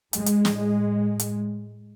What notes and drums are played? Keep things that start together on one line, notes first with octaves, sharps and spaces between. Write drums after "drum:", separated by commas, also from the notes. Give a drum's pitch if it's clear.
A2 G#3, drum: hi-hat
drum: hi-hat
drum: snare
drum: hi-hat